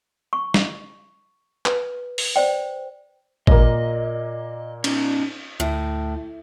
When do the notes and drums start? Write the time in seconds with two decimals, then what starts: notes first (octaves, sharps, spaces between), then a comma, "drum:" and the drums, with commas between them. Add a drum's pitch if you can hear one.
0.33 C#6
0.54 drum: snare
1.66 B4, drum: clap
2.18 drum: open hi-hat
2.36 C5 D5 G5
3.47 A#2 A#3 D#5, drum: kick G#1
4.84 C#4 D#4, drum: cymbal
5.60 D2 A2